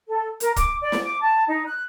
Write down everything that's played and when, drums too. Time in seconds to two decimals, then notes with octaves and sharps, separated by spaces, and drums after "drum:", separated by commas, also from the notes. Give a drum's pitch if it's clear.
0.08 A4
0.40 A#4, drum: hi-hat
0.56 D6, drum: kick, hi-hat
0.81 D5
0.92 drum: snare
1.04 D6
1.21 A5
1.48 D#4
1.67 F#6